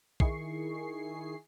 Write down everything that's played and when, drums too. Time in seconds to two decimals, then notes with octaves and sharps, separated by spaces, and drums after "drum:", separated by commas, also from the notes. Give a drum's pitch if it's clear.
0.20 D#3 E4 G#4 C#6 C7, drum: kick